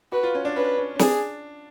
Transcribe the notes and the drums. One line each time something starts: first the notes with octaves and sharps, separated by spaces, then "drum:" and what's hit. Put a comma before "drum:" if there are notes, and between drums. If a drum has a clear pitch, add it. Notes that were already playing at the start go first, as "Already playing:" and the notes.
F#4 B4
F4
C#4
D4
C#4 B4
C#4
C#4
D4 G#4, drum: snare